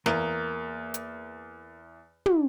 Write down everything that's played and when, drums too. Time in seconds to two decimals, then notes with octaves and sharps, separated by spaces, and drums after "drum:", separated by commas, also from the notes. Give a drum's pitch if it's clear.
0.06 E2 A#3 A#4, drum: snare
0.94 drum: hi-hat
2.26 drum: tom